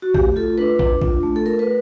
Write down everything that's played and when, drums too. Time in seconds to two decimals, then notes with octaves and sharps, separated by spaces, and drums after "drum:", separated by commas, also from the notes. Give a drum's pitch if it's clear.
0.02 F#4
0.14 A3 G4, drum: kick
0.36 F4 A4
0.58 D4 B4
0.79 D4, drum: kick
1.02 F4, drum: kick
1.23 A3
1.36 A4
1.45 A3 A#4
1.59 B4